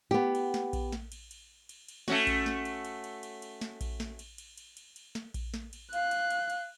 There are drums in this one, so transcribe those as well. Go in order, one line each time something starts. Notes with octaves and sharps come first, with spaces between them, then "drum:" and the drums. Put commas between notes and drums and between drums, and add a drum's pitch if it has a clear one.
B3 G4
drum: cymbal
drum: snare
drum: kick A#1, cymbal
drum: snare
drum: cymbal
drum: cymbal
drum: cymbal
drum: cymbal
A3 C#4 F#4, drum: snare
drum: kick A#1, cymbal
drum: snare
drum: cymbal
drum: cymbal
drum: cymbal
drum: cymbal
drum: cymbal
drum: snare
drum: kick A#1, cymbal
drum: snare
drum: cymbal
drum: cymbal
drum: cymbal
drum: cymbal
drum: cymbal
drum: snare
drum: kick A#1, cymbal
drum: snare
drum: cymbal
F5 F#6, drum: cymbal
drum: cymbal
drum: cymbal
drum: cymbal